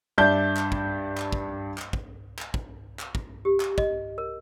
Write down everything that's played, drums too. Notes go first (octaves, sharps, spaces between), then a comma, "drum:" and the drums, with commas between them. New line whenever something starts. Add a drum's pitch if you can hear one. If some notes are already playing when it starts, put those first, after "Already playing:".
G2 D4 D5 E5 A5 G6
drum: clap
drum: kick
drum: clap
drum: kick
drum: clap
drum: kick
drum: clap
drum: kick
drum: clap
drum: kick
G4
drum: clap
D#5, drum: kick
A#4